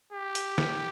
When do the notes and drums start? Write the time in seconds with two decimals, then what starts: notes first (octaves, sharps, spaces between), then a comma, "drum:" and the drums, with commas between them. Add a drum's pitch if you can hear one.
0.12 G4
0.35 drum: hi-hat
0.58 drum: snare